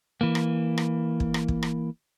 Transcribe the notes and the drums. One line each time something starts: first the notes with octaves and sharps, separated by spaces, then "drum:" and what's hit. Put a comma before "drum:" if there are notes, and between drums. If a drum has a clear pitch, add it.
E3 A#3
drum: rim click
drum: rim click
drum: kick
drum: rim click
drum: kick
drum: rim click